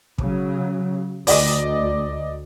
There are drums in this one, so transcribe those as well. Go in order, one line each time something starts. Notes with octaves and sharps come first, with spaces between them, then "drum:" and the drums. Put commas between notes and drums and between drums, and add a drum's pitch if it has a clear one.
C#3 F#3, drum: kick
D2 D5 D#5 D6, drum: open hi-hat